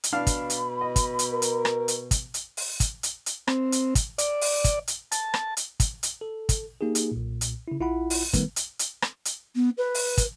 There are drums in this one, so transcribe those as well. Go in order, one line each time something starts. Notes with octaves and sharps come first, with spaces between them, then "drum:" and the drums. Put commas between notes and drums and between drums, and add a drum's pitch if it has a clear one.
drum: hi-hat
B2 D4 F5 B5 F6
drum: kick, hi-hat
drum: hi-hat
D#5
drum: kick, hi-hat
drum: hi-hat
A#4
drum: hi-hat
drum: rim click
drum: hi-hat
drum: kick, hi-hat
drum: hi-hat
drum: open hi-hat
drum: kick, hi-hat
drum: hi-hat
drum: hi-hat
C4, drum: rim click
drum: hi-hat
drum: kick, hi-hat
D5, drum: hi-hat
drum: open hi-hat
drum: kick, hi-hat
drum: hi-hat
A5, drum: hi-hat
drum: rim click
drum: hi-hat
drum: kick, hi-hat
drum: hi-hat
A4
drum: kick, hi-hat
A#3 D#4 G4 G#4
drum: hi-hat
B1 A#2
drum: hi-hat
C#3 E4
A#1 E4 F4 F#5 B5
drum: open hi-hat
D#3 G3 A3 B3 B4, drum: kick, hi-hat
drum: hi-hat
drum: hi-hat
drum: rim click
drum: hi-hat
B3
B4
drum: open hi-hat
drum: kick, hi-hat